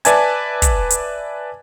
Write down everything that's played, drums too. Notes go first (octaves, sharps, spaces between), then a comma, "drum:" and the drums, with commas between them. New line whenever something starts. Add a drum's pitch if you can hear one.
B4 D5 E5 G#5 A5 G#6, drum: hi-hat
drum: kick, hi-hat
drum: hi-hat